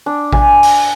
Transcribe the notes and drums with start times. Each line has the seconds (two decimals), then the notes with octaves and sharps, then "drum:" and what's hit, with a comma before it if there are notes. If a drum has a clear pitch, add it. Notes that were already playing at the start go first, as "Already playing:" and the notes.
0.06 D4
0.33 G#5, drum: kick A1
0.63 drum: open hi-hat